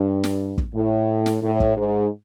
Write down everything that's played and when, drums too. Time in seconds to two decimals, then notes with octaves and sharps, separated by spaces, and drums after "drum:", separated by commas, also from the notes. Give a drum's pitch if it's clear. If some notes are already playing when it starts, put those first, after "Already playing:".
Already playing: G2
0.24 drum: snare
0.58 drum: kick
0.75 A2
1.26 drum: snare
1.43 A2
1.60 drum: kick
1.77 G#2